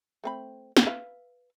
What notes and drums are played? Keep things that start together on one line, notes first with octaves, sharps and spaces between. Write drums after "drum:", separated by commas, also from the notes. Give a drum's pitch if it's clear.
A3 C4 B5
drum: snare
B4 E5 F5